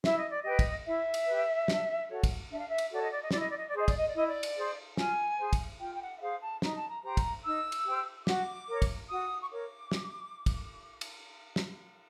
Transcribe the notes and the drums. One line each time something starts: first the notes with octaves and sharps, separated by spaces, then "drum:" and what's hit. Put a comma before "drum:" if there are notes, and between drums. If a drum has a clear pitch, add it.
E4 E5, drum: snare
D#5
D5
G4 B4 D#5
drum: kick, cymbal
E4 E5
drum: cymbal
G4 B4
D4, drum: snare
F#4 A4 C#5
drum: kick, cymbal
D4 E5
F5
E5
drum: cymbal
F#4 A4 C#5 D5
D#5
D5
D#5
E4 D5, drum: snare
D#5
D5
D#5
D5
G#4 C5 D#5
D5, drum: kick, cymbal
D#5
D5
E4 D#5
D5
drum: cymbal
G#4 C5
F4 G#5, drum: snare
G#4 C5
drum: kick, cymbal
F4 G5
G5
F#5
E5
G#4 C5 F5
A5
D#4 A#5, drum: snare
A5
A#5
G4 C5 A#5
drum: kick, cymbal
D#4 E6
drum: cymbal
G4 C5
F#4 D6, drum: snare
A#4 C#5
drum: kick, cymbal
F#4 D#6
C#6
A#4 C#5 D6
drum: snare
drum: kick, cymbal
drum: cymbal
drum: snare